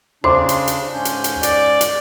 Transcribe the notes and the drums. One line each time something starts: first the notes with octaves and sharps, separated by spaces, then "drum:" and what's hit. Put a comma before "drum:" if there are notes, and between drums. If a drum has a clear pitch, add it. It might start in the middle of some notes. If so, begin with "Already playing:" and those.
C#3 D4 C5 C6 D6
drum: hi-hat
drum: hi-hat
G#2 C#4 G6
drum: hi-hat
drum: hi-hat
D5, drum: hi-hat
drum: hi-hat